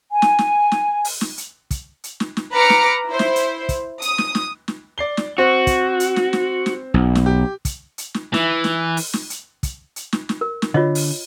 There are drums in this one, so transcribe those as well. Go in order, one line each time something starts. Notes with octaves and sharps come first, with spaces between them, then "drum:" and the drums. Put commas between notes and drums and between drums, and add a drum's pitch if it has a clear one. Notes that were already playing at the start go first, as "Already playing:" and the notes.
G#5
drum: snare
drum: snare
drum: snare
drum: open hi-hat
drum: snare
drum: hi-hat
drum: kick, hi-hat
drum: hi-hat
drum: snare
drum: snare
B4 A#5 D6 F6 C#7 D7
drum: snare
E4 C5
drum: snare
drum: hi-hat
drum: kick, hi-hat
D#6, drum: hi-hat
drum: snare
drum: snare
drum: snare
D5 C7 G7
drum: snare
C4 F#4 C5
drum: kick, hi-hat
drum: hi-hat
drum: snare
drum: snare
drum: snare
B1
drum: snare
G4
drum: kick, hi-hat
drum: hi-hat
drum: snare
E3, drum: snare
drum: snare
drum: open hi-hat
drum: snare
drum: hi-hat
drum: kick, hi-hat
drum: hi-hat
drum: snare
drum: snare
A#4
drum: snare
D3 F4 C#5 D#5
drum: open hi-hat